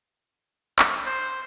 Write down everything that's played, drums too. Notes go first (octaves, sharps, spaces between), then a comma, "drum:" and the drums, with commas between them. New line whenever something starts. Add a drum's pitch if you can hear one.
drum: clap
C5